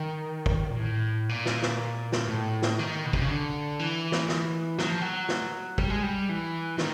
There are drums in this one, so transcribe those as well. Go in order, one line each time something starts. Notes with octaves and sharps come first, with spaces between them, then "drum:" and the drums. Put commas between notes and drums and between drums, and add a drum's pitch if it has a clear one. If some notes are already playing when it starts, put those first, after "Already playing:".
Already playing: D#3
drum: kick
A#2
A2
A#2
drum: snare
drum: snare
drum: snare
A2
drum: snare
D#3
B2
C3, drum: kick
C#3
D3
E3
drum: snare
drum: snare
F#3, drum: snare
F3
F#3
drum: snare
G3, drum: kick
G#3
G3
E3
D#3, drum: snare